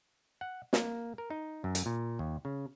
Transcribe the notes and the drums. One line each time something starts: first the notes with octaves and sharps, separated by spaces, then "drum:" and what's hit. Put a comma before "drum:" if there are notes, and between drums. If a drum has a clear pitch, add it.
F#5
A#3, drum: snare
A#4
D#4
F#2
drum: hi-hat
A#2
D#2
C#3